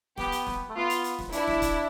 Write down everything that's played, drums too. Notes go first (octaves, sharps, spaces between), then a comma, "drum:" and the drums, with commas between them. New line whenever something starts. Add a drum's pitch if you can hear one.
B3 G4, drum: snare
drum: hi-hat
drum: snare
A3
B3 F4
drum: hi-hat
drum: hi-hat
drum: snare
D4 E4, drum: hi-hat
drum: snare
drum: kick, hi-hat